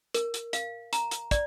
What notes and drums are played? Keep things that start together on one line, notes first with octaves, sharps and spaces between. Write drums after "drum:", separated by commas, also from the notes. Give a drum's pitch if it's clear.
A#4, drum: hi-hat
drum: hi-hat
F5, drum: hi-hat
A#5, drum: hi-hat
drum: hi-hat
D5, drum: kick, hi-hat